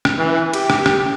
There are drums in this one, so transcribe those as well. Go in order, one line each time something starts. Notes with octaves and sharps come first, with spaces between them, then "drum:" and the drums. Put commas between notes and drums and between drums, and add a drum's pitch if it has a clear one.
drum: rim click
E3
G4, drum: cymbal
drum: rim click
drum: rim click